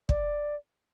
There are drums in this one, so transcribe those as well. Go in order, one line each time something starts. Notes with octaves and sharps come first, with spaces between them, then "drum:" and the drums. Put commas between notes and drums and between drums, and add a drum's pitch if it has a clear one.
D5, drum: kick